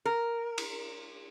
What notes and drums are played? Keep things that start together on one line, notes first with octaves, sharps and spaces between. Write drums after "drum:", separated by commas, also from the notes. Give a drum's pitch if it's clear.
A#4
drum: cymbal